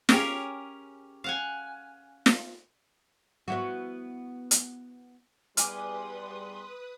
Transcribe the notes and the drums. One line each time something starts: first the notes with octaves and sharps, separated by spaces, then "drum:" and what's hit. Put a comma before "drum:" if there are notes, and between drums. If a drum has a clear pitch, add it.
C#4 G4 G#4 A#4 C#5, drum: snare
F5 F#5 G#5
drum: snare
B3 E4 F#4
drum: hi-hat
E2 G3 B4 G#5 C6 D6 D#6 F6, drum: hi-hat